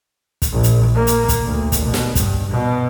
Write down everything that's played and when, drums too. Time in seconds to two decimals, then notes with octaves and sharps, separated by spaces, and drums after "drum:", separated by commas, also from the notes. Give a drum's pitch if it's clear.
0.42 drum: kick, hi-hat
0.52 A#1
0.63 drum: hi-hat
0.94 A#3
1.07 drum: hi-hat
1.29 drum: kick, hi-hat
1.44 D2
1.72 drum: kick, hi-hat
1.84 B2
1.94 drum: snare
2.15 G2, drum: kick, hi-hat
2.50 B2